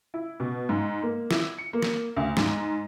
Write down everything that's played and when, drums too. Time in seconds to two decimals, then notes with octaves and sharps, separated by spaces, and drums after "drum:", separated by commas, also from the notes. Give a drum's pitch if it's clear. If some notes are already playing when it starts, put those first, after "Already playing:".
0.14 E4
0.40 B2
0.69 G#2
1.02 A#3
1.31 E4, drum: snare
1.58 C#7
1.73 A#3
1.82 drum: snare
2.16 D2
2.37 G#2, drum: snare